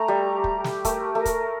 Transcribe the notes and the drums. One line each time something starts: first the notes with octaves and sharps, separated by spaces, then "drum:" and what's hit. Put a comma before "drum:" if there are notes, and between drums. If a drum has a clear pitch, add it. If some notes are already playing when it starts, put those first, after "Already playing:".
Already playing: A3 A#5
G3
G4
drum: kick
G4
drum: snare
A3 A#4, drum: kick, hi-hat
A3 A#4
drum: kick, hi-hat